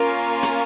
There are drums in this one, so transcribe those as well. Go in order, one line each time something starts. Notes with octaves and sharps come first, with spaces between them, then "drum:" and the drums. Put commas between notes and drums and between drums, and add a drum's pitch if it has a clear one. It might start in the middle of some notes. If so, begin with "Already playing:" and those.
Already playing: A#3 C#4 F4 A#4
drum: hi-hat